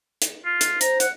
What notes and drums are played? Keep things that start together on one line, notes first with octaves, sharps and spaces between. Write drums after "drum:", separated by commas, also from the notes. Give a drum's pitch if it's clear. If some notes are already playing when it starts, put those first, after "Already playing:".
drum: hi-hat
F4
drum: hi-hat
C5 A#5, drum: hi-hat
F#5, drum: hi-hat